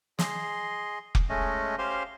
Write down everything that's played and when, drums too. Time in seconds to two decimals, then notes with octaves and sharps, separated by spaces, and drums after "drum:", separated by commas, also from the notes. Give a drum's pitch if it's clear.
0.19 G#4 D#5 C6, drum: snare
1.15 drum: kick F1
1.29 G#3 A3 C#4 D#5
1.78 C#4 G4 C5 F5 C6